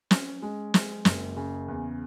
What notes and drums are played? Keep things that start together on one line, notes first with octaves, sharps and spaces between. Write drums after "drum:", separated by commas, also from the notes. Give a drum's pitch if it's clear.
C#4, drum: snare
G#3
G#3, drum: snare
F#1, drum: snare
C#3
E2